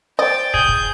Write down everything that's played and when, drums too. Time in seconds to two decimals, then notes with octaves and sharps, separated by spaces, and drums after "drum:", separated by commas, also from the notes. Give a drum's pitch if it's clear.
0.19 C5 D5 D#5 G5 A6
0.54 C2 G#4 G6, drum: kick
0.69 drum: kick